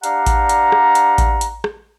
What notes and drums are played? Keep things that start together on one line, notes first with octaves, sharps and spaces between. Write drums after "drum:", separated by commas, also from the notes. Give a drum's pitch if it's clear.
D4 G4 D5 F5 F#5 A#5, drum: hi-hat
drum: kick A1, hi-hat
drum: hi-hat
drum: rim click
drum: hi-hat
drum: kick A1, hi-hat
drum: hi-hat
drum: rim click